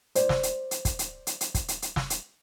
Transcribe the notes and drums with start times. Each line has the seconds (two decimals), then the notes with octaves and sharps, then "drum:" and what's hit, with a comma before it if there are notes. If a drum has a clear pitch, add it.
0.15 C5 D5, drum: hi-hat
0.29 drum: snare
0.43 drum: hi-hat
0.71 drum: hi-hat
0.85 drum: kick, hi-hat
0.99 drum: hi-hat
1.27 drum: hi-hat
1.41 drum: hi-hat
1.54 drum: kick, hi-hat
1.68 drum: hi-hat
1.82 drum: hi-hat
1.96 drum: snare
2.10 drum: hi-hat